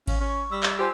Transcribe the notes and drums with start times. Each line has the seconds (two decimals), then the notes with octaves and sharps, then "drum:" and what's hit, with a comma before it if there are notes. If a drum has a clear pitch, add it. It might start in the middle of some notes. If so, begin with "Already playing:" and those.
0.08 C#4 F5, drum: kick G#1, cymbal
0.20 C#4 C#6
0.51 G3 E6
0.63 drum: clap
0.79 F4 G4 C5 G#5